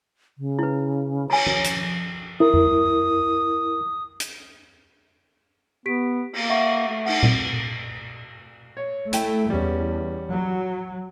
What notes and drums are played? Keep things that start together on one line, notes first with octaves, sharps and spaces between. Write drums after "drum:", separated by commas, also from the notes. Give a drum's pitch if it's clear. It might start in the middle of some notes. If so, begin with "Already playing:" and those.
C#3
E4 B4
C#5 G#5 A#5, drum: cymbal
drum: tom
drum: hi-hat
E4 A#4 D#6
drum: tom F2
drum: hi-hat
B3 G4 B6 D7
A#3, drum: cymbal
E5 F#5 C#6
A3
D#4 F#5, drum: cymbal
drum: tom A#2
C#5
A3 E4 G5, drum: hi-hat
E2 G3 C#4
F#3